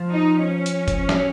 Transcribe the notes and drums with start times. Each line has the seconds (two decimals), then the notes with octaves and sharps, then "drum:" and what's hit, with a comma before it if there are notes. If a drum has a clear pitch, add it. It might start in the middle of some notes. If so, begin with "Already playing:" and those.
Already playing: F3
0.11 D#4
0.44 C#4
0.66 drum: hi-hat
0.88 drum: kick, hi-hat
1.09 F#3, drum: snare